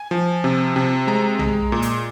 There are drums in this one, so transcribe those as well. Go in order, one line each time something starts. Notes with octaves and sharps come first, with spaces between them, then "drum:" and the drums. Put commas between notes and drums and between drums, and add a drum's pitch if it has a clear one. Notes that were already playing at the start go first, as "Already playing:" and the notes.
Already playing: G#5
F3
C3
C3
G#3 A#5
G#3, drum: tom B1
A#2
drum: hi-hat